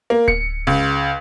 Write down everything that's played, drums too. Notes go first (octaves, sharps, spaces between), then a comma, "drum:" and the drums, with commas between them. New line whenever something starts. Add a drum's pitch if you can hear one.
A#3
C#7, drum: kick D1
C#2